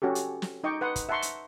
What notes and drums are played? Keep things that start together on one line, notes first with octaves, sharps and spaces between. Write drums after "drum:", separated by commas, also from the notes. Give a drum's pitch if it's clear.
C#4 F#4 G4 A4
drum: hi-hat
drum: snare
D#4 D#5 G5 C#6 D6
B4 F#5 C6 D#6
drum: kick, hi-hat
E5 F#5 A5 A#5 C6 C#6
drum: hi-hat